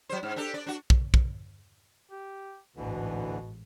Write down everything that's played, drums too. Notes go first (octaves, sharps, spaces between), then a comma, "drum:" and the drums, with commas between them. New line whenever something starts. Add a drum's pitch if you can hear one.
F#3 C5
G#2
D4 G4 A4
D4 D5
D4 F#4
drum: kick
drum: kick
G4
A1 D2 G#2 B2 D3 E3